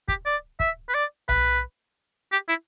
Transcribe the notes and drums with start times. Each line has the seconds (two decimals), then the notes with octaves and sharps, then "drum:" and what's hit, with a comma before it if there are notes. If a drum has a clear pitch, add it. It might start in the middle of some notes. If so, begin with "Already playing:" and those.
0.08 G4, drum: kick
0.26 D5
0.60 E5, drum: kick
0.89 B4
0.94 D5
1.29 B4, drum: tom B1
2.32 G4
2.48 E4